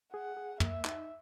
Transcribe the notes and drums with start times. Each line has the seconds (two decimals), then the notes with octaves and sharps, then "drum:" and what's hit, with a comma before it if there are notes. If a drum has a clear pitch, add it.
0.13 G#4 F#5
0.37 G#4
0.60 A#3 E5, drum: tom
0.85 D#4, drum: clap